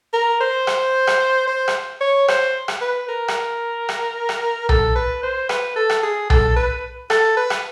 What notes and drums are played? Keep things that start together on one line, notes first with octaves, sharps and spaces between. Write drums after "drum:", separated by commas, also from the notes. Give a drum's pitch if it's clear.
A#4
C5
drum: rim click
drum: rim click
C5
drum: rim click
C#5
C5, drum: rim click
drum: rim click
B4
A#4
drum: rim click
drum: rim click
drum: rim click
A4, drum: tom B1
B4
C5
B4, drum: rim click
A4
drum: rim click
G#4
A4, drum: tom B1
B4
A4, drum: rim click
B4
drum: rim click